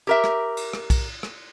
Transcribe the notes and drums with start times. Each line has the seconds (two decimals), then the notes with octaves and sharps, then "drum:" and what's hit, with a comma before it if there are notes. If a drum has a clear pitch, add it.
0.07 G4 A#4 E5
0.24 drum: rim click
0.57 drum: cymbal
0.73 drum: rim click
0.90 drum: kick, cymbal
1.23 drum: rim click